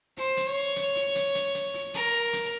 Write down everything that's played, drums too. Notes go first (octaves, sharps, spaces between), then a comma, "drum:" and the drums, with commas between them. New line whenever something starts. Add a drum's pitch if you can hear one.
C5, drum: open hi-hat
drum: hi-hat
C#5
drum: hi-hat
drum: open hi-hat
drum: hi-hat
drum: hi-hat
drum: hi-hat
drum: open hi-hat
A#4, drum: hi-hat
drum: hi-hat